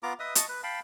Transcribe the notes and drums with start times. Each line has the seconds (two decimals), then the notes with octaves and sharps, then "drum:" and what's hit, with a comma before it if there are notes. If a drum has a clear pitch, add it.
0.03 B3 F4 A#5 D6
0.20 B4 D#5 E5 D#6
0.35 D#5 A5 C#6, drum: hi-hat
0.49 B4
0.63 F5 G5 A5 B5